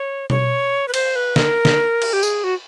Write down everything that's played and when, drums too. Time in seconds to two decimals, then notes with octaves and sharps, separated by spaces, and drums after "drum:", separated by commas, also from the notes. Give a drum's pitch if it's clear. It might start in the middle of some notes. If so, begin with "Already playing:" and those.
Already playing: C#5
0.30 C#5, drum: tom B2
0.88 B4
0.94 C5, drum: cymbal
1.16 B4
1.36 A#4, drum: snare
1.65 drum: snare
2.02 drum: cymbal
2.13 G4
2.23 G#4, drum: tambourine
2.44 F#4